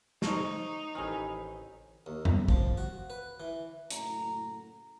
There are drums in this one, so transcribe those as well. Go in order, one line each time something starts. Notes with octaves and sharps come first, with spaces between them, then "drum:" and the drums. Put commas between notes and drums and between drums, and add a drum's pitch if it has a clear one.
D#4 C5 C#5 C#6, drum: snare
A1 D#3 C4 G#5 B5
D#2
drum: tom F2
F3, drum: kick
F#4
B4
E3
F#1 A2 F#4 A#5, drum: hi-hat